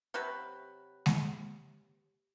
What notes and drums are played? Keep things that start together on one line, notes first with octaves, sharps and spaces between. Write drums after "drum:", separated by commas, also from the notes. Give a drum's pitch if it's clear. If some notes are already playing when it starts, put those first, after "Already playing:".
C3 F#3 F#4 B4
drum: snare G#3